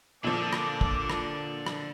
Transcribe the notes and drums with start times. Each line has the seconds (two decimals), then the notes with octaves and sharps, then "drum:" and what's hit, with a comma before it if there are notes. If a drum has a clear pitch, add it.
0.24 A#2 D3 F3 D6
0.53 drum: rim click
0.81 drum: kick
1.10 drum: rim click
1.66 drum: rim click